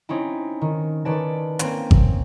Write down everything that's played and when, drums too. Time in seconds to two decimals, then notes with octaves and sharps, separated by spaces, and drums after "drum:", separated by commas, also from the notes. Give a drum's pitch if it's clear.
0.09 C4 C#4 D#4 E4
0.61 D#3
1.05 D#3 C#4 B4 D5 A5 A6
1.59 A#3 C4 C#4, drum: hi-hat
1.91 drum: kick G#1